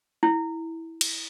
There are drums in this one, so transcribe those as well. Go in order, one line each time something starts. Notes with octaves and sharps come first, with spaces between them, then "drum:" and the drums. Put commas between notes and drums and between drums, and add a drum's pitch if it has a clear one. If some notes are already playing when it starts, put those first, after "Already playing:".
E4
drum: cymbal